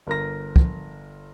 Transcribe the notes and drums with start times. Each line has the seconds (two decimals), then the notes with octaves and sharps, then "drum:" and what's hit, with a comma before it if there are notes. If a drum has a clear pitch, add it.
0.07 G1 A#4 A#6
0.56 drum: kick